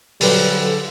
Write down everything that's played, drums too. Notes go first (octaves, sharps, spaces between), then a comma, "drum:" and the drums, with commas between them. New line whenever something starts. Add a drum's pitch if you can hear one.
D3 F#3 G3 A4 B4 C5, drum: open hi-hat